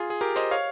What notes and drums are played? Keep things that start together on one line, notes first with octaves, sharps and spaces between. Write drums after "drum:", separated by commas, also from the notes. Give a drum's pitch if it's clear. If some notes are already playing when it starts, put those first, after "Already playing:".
Already playing: F4 G#4
G#4
G4 A#4
C5 D#5, drum: hi-hat
C#5 F5